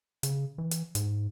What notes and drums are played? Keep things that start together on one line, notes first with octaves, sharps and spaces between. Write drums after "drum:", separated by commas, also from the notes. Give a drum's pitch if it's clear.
C#3, drum: hi-hat
E3
drum: hi-hat
G#2, drum: hi-hat